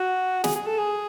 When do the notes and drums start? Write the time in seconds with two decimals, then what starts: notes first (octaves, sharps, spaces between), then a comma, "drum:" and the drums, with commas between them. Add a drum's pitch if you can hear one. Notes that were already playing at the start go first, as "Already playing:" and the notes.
Already playing: F#4
0.44 G#4, drum: snare
0.55 G#4
0.67 A4
0.79 G#4